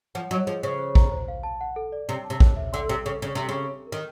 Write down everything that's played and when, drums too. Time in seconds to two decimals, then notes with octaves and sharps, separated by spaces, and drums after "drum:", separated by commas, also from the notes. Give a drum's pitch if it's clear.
0.15 F3 F#5
0.31 F#3 D#5
0.46 F3 G#4
0.62 C#3 C5
0.79 C5
0.95 A#5, drum: kick A1
1.12 C5
1.28 F5
1.43 A5
1.61 F#5
1.76 A4
1.92 D5
2.08 C3 C#5
2.25 A5
2.30 C3
2.40 C#5, drum: kick A1
2.57 E5
2.73 D3 C6
2.89 C3 G5
3.05 C#3 A4
3.22 C#3 D5
3.35 C3 G4
3.49 C#3
3.54 C#5
3.71 G4
3.87 A#4
3.92 D#3